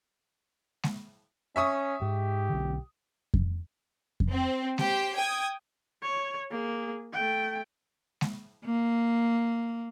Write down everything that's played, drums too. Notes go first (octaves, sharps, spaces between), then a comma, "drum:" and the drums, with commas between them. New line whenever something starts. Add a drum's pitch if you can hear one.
drum: snare G#3
C#4 E5 C#6 D#6
G#2 G4
B1 D3
drum: kick F2
drum: kick F2
C4
G4 C5 G5, drum: snare G#3
G5 D#6 G#6
C#5
A#3 G#4
A3 G5
drum: snare G#3
A#3